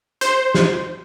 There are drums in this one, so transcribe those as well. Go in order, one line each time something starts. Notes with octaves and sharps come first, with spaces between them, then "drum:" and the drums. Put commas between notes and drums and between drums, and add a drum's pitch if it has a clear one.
C5, drum: hi-hat
drum: snare